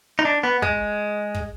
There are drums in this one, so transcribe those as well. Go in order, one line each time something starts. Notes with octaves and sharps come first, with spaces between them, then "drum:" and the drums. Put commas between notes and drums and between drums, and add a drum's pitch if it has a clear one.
D#4
D4
B3
G#3, drum: kick
drum: kick